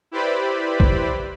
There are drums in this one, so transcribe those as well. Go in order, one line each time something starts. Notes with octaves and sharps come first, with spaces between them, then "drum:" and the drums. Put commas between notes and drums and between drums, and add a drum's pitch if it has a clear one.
E4 G4 B4 C5 D5 B5
drum: kick